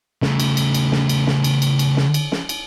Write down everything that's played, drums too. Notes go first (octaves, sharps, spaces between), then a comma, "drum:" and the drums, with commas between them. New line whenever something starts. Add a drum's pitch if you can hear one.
C#3 A3, drum: snare
drum: cymbal
drum: cymbal
drum: cymbal
drum: snare
drum: cymbal
drum: snare
drum: cymbal
drum: cymbal
drum: cymbal
drum: snare
drum: cymbal
drum: snare
drum: cymbal